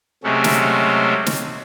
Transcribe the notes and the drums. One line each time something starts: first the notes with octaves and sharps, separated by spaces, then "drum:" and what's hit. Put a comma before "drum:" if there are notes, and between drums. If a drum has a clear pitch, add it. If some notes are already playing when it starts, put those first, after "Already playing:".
C3 F#3 G#3 A3 C#4
drum: snare
drum: snare